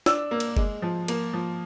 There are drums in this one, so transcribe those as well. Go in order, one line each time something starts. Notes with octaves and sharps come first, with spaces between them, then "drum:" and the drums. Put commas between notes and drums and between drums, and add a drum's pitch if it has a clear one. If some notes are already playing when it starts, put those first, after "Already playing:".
D4 E6, drum: snare
A#3
drum: cymbal
G#3, drum: kick
F3
A#3, drum: cymbal
F3